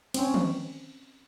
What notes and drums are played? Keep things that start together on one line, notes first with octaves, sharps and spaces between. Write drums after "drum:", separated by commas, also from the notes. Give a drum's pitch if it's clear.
C4 C#4, drum: cymbal
drum: tom D#3